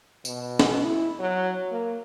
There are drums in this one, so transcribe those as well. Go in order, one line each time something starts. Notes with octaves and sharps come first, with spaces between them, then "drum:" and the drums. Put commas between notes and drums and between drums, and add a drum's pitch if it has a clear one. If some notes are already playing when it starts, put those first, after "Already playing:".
B2, drum: tambourine
drum: snare
E4
F#3
A#3